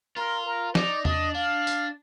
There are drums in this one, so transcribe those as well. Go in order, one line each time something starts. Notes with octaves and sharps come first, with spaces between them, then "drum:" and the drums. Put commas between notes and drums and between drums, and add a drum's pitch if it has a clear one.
F4 A#4
A#4
D#4 D5, drum: snare
D4 D#5, drum: tom E2
D4 F5
drum: tambourine